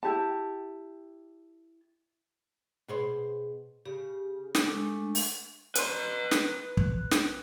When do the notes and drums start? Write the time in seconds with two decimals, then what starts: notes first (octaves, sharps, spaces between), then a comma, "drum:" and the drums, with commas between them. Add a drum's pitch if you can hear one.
0.03 E4 G4 A5
2.88 B2 G#4 C5
3.86 C#3 G4
4.55 drum: snare
4.65 G#3 A3 D4
5.15 drum: open hi-hat
5.75 B4 C6, drum: hi-hat
6.31 drum: snare
6.77 drum: kick
7.11 drum: snare